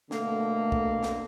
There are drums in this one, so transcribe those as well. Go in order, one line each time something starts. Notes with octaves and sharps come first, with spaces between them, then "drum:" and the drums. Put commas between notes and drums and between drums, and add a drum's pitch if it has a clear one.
B2 D3 A3 A#3, drum: snare
drum: kick
drum: snare